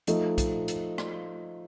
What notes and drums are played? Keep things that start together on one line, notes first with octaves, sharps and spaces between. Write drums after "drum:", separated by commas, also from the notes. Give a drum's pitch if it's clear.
F3 A3 D#4 A4 D#5, drum: hi-hat
drum: kick, hi-hat
drum: hi-hat
drum: rim click